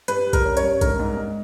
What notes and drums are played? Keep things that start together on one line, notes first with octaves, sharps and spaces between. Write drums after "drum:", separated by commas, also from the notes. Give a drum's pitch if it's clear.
G2 B4, drum: hi-hat
G3
A#4, drum: kick, hi-hat
C#4
C#5, drum: hi-hat
G2
G#2 A#4, drum: kick, hi-hat
G#2
G#2